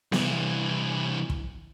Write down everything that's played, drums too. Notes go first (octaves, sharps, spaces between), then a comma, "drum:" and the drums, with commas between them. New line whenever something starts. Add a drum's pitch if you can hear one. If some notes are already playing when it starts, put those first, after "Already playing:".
C2 E3, drum: snare B3
drum: kick